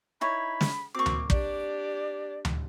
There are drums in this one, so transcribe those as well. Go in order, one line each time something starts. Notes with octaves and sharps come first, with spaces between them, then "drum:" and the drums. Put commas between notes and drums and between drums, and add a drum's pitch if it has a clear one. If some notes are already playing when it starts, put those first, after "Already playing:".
D#4 E4 C#5 B5
drum: snare
A#3 C4 F#4 C#6 D6
drum: tom D2
D4 G4 D5, drum: kick
drum: tom D2